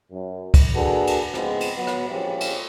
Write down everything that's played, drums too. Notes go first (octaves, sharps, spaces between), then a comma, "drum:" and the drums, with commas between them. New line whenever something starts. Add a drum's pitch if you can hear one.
F#2
drum: kick, cymbal
A#3 D4 F#4 G#4 A4 B4
drum: cymbal
C#2 G#2 F3 G#3 B3 C4, drum: rim click
drum: cymbal
F#3 B3
drum: rim click
A#1 F3 G#3 C#4 F4 G4
drum: cymbal